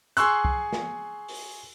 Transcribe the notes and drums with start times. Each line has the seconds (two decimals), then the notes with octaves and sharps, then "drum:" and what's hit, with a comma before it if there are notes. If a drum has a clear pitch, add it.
0.17 G#4 C6 C#6 E6 F#6, drum: hi-hat
0.45 drum: kick
0.73 drum: snare
1.28 drum: open hi-hat